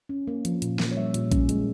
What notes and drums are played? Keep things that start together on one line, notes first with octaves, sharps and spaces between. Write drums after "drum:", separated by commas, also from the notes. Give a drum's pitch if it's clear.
C#4
A#3
F3, drum: hi-hat
A#2, drum: hi-hat
A#3, drum: snare
C#5
G3 E5
A#2, drum: hi-hat
C#4, drum: kick A#1, hi-hat
G#3, drum: hi-hat